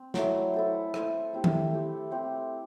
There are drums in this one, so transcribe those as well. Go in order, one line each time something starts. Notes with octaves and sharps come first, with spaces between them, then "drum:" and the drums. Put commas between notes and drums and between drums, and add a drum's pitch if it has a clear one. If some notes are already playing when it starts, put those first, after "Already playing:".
Already playing: C4
F#3 A3 E4, drum: snare
E4 A4 C5
E4 A4 C5, drum: rim click
A3 C4 E4 G4
drum: tom D#3
A3 C4 E4 G4
A3 C4 G4 C5